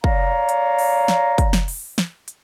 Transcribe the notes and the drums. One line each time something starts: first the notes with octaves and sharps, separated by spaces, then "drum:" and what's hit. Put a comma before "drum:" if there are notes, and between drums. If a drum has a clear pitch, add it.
C#5 D5 F5 A#5, drum: kick
drum: hi-hat
drum: open hi-hat
drum: snare
drum: kick, hi-hat
drum: snare
drum: open hi-hat
drum: snare
drum: hi-hat